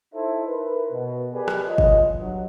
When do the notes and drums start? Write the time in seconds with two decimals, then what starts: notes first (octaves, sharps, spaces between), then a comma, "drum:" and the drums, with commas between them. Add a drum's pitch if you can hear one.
0.14 D#4 E4 A4 C5 E5
0.47 A#4 B4
0.92 B2
1.32 G4 G#4 A#4 B4 D5
1.48 drum: rim click
1.66 F4 C#5 D#5
1.78 drum: kick
2.18 G2 F#3